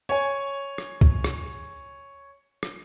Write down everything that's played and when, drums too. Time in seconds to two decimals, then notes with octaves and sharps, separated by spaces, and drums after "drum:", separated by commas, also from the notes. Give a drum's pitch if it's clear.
0.09 C#5 G#5
0.78 drum: rim click
1.01 drum: kick
1.24 drum: rim click
2.63 drum: rim click